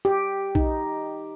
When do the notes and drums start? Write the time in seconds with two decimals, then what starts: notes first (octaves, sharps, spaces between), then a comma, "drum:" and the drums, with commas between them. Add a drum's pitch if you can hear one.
0.05 G4
0.55 D#4, drum: kick B1